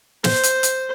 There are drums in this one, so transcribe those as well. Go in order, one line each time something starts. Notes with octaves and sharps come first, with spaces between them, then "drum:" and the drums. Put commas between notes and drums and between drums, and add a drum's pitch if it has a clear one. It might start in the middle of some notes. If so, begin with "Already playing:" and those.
C5, drum: snare
drum: hi-hat
drum: hi-hat